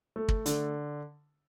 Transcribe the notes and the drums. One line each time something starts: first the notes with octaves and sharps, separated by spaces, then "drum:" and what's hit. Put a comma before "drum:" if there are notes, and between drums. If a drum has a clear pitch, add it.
A3
drum: kick
D3, drum: hi-hat